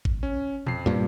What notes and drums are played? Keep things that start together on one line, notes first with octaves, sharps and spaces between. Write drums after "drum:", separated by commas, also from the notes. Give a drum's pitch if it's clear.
drum: kick G#1
C#4
F2 C7, drum: tom A#2
G2 A#2